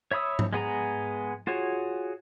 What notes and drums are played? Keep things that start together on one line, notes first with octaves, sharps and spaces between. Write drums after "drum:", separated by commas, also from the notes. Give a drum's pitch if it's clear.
C#5 E5 B5 D#6 E6
drum: tom G#2
G#3 B3 G#4 A#5
F4 F#4 G#4 C#5